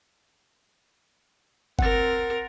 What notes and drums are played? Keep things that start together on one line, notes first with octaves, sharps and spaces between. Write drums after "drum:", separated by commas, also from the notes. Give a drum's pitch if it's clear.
C4 A#4 F#5 A6, drum: kick G1